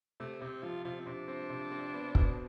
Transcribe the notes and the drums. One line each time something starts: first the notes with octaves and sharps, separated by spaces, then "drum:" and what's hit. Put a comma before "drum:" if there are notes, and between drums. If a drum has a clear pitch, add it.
C3 A3
C3 C4
F3 F4
C3 F4
C4
C3 D4
C4
C3
C4
B3
B2, drum: kick